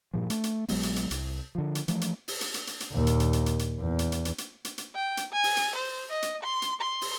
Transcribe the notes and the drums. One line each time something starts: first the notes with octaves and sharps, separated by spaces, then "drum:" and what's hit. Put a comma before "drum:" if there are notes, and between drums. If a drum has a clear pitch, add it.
G2 A#2 F3
A3, drum: hi-hat
drum: hi-hat
A#1 F#3 G#3 B3, drum: open hi-hat
drum: hi-hat
drum: hi-hat
C2, drum: hi-hat
D3 F3
drum: hi-hat
E3 F3 A3, drum: hi-hat
drum: hi-hat
drum: open hi-hat
drum: hi-hat
drum: hi-hat
drum: hi-hat
drum: hi-hat
D#2 A#2
drum: hi-hat
drum: hi-hat
drum: hi-hat
drum: hi-hat
drum: hi-hat
E2
drum: hi-hat
drum: hi-hat
drum: hi-hat
drum: hi-hat
drum: hi-hat
drum: hi-hat
G5
drum: hi-hat
G#5
drum: open hi-hat
drum: hi-hat
C5
D#5
drum: hi-hat
C6
drum: hi-hat
C6
drum: open hi-hat